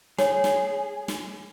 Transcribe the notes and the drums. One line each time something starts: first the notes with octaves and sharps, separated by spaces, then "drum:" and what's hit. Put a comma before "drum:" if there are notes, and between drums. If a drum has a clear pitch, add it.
G#4 C#5, drum: snare
drum: snare
drum: snare